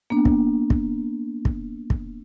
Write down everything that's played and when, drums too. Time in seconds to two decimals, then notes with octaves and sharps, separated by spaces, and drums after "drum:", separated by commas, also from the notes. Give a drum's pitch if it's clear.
0.10 A#3 B3 D4
0.25 drum: kick
0.70 drum: kick
1.45 drum: kick
1.90 drum: kick